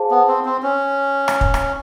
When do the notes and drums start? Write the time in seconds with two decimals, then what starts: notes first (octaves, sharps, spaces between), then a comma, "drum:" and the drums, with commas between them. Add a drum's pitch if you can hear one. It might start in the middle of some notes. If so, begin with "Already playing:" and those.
Already playing: G#4 C5 F5 A5
0.11 B3
0.28 C4
0.45 C4
0.63 C#4
1.28 drum: rim click
1.41 drum: kick
1.54 drum: rim click